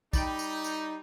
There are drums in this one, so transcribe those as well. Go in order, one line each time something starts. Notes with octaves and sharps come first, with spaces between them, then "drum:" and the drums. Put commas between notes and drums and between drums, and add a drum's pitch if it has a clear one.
G3 D#4 G5 B5 A6, drum: kick, tambourine
drum: tambourine
drum: tambourine